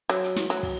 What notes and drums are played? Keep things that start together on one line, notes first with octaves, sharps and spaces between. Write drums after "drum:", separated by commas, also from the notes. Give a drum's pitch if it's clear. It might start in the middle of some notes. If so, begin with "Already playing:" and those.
F#3, drum: hi-hat
drum: hi-hat
drum: snare
F#3, drum: hi-hat
drum: kick, open hi-hat